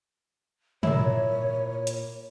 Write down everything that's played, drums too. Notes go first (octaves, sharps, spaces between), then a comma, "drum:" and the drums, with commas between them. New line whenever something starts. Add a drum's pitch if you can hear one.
A#2 E4 C#5, drum: tom
drum: hi-hat